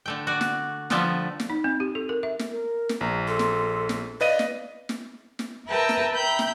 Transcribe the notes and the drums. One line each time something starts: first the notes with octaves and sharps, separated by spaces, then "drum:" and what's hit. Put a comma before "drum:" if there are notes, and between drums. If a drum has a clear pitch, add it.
D3 A3 G5
F#4 D5
F#4, drum: snare
D3 F3 G3 A3 B3 F4, drum: snare
drum: snare
D#4
C4
G4
A4
A#4
E5
drum: snare
A#4
drum: snare
A#1 A#5
A4 C6
drum: snare
drum: snare
B4 D5 D#5 F5 D#7
drum: snare
drum: snare
drum: snare
A#4 B4 E5 G5 A5 A#5
drum: snare
E5 G5 A#5 B5 G6
drum: snare